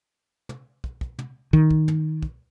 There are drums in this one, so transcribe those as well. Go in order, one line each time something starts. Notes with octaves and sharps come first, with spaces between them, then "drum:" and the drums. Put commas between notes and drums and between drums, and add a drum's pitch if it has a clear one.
drum: tom
drum: kick
drum: kick
drum: tom
D#3, drum: kick
drum: kick
drum: tom
drum: kick